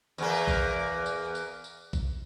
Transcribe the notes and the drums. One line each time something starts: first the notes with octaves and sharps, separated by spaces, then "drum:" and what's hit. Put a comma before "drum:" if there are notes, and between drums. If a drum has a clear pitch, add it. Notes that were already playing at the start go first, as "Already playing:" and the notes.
E2 A#3, drum: tambourine
drum: kick A#1, tambourine
drum: tambourine
drum: tambourine
drum: tambourine
drum: kick A#1, tambourine